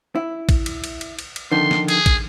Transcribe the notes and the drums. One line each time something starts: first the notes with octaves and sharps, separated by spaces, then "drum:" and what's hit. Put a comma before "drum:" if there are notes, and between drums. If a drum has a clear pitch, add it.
E4
drum: kick, cymbal
drum: cymbal
drum: cymbal
drum: cymbal
drum: cymbal
drum: cymbal
F2 D3 D#3 C6
drum: snare
G#4, drum: cymbal
drum: kick, cymbal